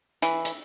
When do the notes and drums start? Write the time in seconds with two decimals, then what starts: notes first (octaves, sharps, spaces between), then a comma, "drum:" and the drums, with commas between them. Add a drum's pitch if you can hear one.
0.22 E3, drum: hi-hat
0.45 drum: hi-hat